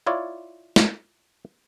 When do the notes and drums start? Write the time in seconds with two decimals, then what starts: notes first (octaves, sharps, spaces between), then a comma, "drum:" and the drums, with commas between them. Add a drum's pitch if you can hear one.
0.07 E4 F4 C#5 D5
0.76 drum: snare